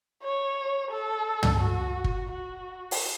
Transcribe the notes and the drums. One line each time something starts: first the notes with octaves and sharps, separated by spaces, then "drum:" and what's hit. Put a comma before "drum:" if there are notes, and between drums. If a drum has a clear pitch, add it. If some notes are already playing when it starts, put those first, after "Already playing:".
C#5
A4
drum: tom
F#4
drum: kick
F#4
drum: open hi-hat